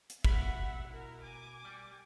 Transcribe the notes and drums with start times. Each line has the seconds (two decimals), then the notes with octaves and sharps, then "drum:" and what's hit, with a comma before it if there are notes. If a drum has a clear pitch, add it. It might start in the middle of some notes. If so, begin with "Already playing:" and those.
0.10 drum: hi-hat
0.24 B2 E5 F#5 B5, drum: kick
0.88 E4 A#4
1.21 G#5 D6
1.65 G3